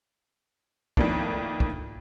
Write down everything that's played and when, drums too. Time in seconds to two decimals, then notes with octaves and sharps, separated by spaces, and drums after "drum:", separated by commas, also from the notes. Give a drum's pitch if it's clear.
0.97 F2 A2 D#3 A#3 B3 D4, drum: kick
1.60 drum: kick